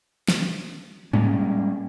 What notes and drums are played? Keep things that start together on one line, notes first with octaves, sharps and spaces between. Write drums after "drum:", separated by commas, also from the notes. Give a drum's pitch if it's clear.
drum: snare
G3 G#3 A#3 C#4, drum: tom G#2